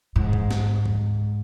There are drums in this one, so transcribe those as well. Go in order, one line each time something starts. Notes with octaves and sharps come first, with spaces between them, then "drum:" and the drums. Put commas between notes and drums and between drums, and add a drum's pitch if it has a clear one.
G#2
drum: kick C2
drum: snare
drum: kick C2